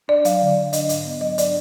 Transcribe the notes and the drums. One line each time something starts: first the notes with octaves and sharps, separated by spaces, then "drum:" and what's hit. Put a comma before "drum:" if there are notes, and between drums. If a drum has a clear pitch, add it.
D4 D5
F#3 F5, drum: hi-hat
D3
D3
D4 D#5, drum: hi-hat
G#2, drum: hi-hat
B3
F#3 D#5
D4 D5, drum: hi-hat